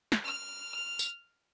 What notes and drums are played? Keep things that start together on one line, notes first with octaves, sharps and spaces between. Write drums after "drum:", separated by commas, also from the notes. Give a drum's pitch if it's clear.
drum: snare
F6
drum: tambourine